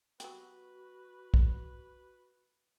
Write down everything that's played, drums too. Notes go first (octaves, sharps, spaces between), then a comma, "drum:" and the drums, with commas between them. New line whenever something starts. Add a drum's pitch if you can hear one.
F#3 B3 F#4 G4 B4, drum: hi-hat
drum: kick